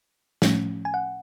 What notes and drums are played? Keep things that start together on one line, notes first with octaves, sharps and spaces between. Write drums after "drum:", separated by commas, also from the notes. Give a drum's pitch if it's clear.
A2 F3 A3 C#4, drum: snare
G#5
F#5